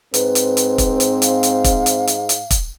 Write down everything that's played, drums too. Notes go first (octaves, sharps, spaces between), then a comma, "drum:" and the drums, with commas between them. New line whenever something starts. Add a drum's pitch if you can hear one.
G#2 C4 B4, drum: hi-hat
drum: hi-hat
drum: hi-hat
drum: kick, hi-hat
drum: hi-hat
F5, drum: hi-hat
drum: hi-hat
drum: kick, hi-hat
drum: hi-hat
drum: hi-hat
drum: hi-hat
drum: kick, hi-hat